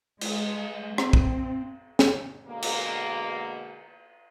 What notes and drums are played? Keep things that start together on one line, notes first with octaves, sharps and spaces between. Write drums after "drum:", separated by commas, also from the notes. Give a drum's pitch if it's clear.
G#3, drum: cymbal
C4, drum: rim click
drum: kick
drum: snare
B2 D3 G#3 A#3
drum: cymbal